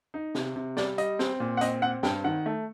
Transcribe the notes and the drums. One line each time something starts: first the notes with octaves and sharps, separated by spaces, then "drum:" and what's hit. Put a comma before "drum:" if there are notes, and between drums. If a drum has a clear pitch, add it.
D#4
C3, drum: snare
C3
G3 D5, drum: snare
G3 D#5, drum: hi-hat
C4, drum: snare
A#2
F#5
C4 D#5, drum: hi-hat
C4 F#5
G2 G5, drum: snare
D#3 F#5
A3